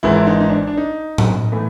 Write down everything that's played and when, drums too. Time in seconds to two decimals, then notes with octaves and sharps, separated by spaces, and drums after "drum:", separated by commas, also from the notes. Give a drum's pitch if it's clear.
0.03 G#1 G#2 E3 E4
0.15 E4
0.27 D#4
0.40 D#4
0.49 D4
0.67 D4
0.77 D#4
1.18 drum: tom A2
1.52 A2 E3 A3